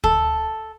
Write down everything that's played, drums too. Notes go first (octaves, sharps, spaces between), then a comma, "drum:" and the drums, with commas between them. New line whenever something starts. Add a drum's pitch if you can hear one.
A4, drum: kick D2